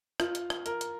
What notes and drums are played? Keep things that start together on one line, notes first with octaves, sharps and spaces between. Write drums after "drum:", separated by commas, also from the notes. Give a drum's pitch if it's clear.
F4, drum: rim click
drum: hi-hat
drum: rim click
A#4, drum: hi-hat
drum: hi-hat